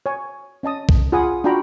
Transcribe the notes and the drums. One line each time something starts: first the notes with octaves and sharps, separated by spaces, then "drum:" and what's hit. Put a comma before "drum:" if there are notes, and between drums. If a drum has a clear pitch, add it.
C#5 G#5
C#4 D#5 A5 D#6
drum: kick
F4 G#4 F#5 G#5 B5 D#6
D4 F4 F#4 G5 A#5 B5